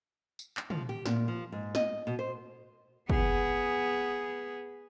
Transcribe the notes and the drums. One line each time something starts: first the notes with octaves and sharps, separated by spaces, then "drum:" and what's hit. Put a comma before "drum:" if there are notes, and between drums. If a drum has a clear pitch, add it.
drum: tambourine
drum: clap
F3, drum: tom
G4
A#2, drum: snare
F3
G#2
D#5, drum: snare
B2
C5
B3 G#4, drum: kick